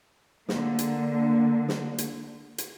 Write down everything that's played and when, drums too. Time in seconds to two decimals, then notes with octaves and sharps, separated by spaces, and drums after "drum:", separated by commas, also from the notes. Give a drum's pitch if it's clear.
0.49 D3 A#3, drum: snare
0.79 drum: hi-hat
1.68 drum: snare
1.98 drum: hi-hat
2.58 drum: hi-hat